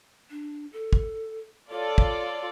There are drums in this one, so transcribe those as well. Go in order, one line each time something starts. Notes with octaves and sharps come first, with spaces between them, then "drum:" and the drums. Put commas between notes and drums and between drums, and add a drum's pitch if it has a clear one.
D4
A4
drum: kick
F4 A4 C#5 D5
drum: kick